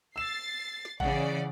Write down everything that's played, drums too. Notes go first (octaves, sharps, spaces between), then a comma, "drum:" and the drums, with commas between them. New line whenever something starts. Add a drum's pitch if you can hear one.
E6 A6 C7 E7
drum: snare
C#3 E3 D5 F#5, drum: kick G#1